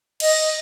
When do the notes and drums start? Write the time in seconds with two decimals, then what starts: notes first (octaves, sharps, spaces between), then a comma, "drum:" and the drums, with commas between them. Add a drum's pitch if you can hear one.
0.20 D#5, drum: cymbal